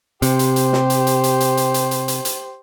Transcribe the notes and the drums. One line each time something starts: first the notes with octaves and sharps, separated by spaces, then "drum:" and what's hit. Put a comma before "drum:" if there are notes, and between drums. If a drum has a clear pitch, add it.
C3 G4 C5, drum: hi-hat
drum: hi-hat
drum: hi-hat
drum: snare
drum: hi-hat
drum: hi-hat
drum: hi-hat
drum: hi-hat
drum: hi-hat
drum: hi-hat
drum: hi-hat
drum: hi-hat
drum: hi-hat